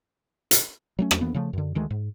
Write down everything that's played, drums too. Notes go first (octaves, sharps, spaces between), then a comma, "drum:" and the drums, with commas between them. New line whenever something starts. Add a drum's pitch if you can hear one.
drum: hi-hat
F#3 A3 C#4
drum: rim click
E3 A#3 B3
C#3 F3 A3
F#2 D3
D2 D#3 G#3 A3
G#2